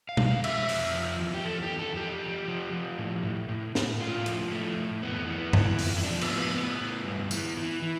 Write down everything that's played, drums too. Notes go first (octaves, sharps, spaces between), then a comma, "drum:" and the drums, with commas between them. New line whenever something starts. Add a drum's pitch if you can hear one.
F5
F2, drum: tom
F5
E3 E5, drum: cymbal
F2, drum: open hi-hat
F3
E2
G4
E2 A4
G4
E2
A4
F3 G4
F3
F3
F3
A2
A2
A2
A2, drum: snare
A2 F4
F3, drum: hi-hat
A2 A3
A2
F2 B3
E3
E3, drum: tom F#2
F2, drum: open hi-hat
E4
F3 D4
B3, drum: cymbal
A2
B3
A2 B3
A2
G2
E3, drum: tambourine
E3
E3